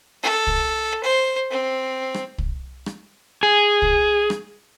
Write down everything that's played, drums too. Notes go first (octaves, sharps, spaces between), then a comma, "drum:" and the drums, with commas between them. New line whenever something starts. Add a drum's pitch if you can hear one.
A4
drum: kick
C5
C4
drum: rim click
drum: kick
drum: rim click
G#4
drum: kick
drum: rim click